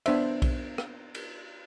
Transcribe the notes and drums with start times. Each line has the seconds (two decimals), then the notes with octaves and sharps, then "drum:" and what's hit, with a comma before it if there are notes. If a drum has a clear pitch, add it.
0.06 B3 D4 C5 E5, drum: cymbal
0.42 drum: kick B1, cymbal
0.78 drum: rim click
1.15 drum: cymbal